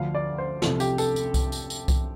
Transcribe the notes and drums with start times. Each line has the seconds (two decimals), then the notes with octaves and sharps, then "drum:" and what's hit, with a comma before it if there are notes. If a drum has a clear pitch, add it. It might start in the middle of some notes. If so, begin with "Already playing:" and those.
Already playing: D2 D3 F3 F5
0.15 D5
0.38 C5
0.62 C2 C3 F3 A4, drum: snare
0.80 G4, drum: tambourine
0.98 A4, drum: tambourine
1.16 drum: tambourine
1.34 drum: kick C2, tambourine
1.52 drum: tambourine
1.70 drum: tambourine
1.88 drum: kick C2, tambourine